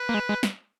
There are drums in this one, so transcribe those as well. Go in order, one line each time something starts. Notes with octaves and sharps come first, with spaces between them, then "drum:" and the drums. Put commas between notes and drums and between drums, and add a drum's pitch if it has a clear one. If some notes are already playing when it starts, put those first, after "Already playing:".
Already playing: B4
A#3
G#3
G#3
drum: snare